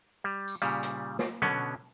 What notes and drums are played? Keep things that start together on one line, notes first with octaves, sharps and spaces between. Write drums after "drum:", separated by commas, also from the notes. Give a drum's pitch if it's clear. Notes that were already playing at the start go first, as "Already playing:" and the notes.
G3
drum: tambourine
A#2 C#3 G3, drum: tambourine
drum: hi-hat
drum: snare
B2 D3 B3 C#4, drum: tom